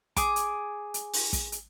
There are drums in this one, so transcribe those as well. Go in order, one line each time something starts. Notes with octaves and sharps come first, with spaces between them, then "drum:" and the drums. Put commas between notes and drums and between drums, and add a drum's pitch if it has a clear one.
G#4 D6, drum: kick, hi-hat
drum: hi-hat
drum: hi-hat
drum: open hi-hat
drum: kick, hi-hat
drum: hi-hat